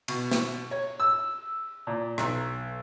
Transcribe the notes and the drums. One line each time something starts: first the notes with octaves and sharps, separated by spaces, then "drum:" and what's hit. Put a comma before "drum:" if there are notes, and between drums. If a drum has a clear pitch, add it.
B2, drum: cymbal
drum: snare
C#5
E6
A#2
B1, drum: rim click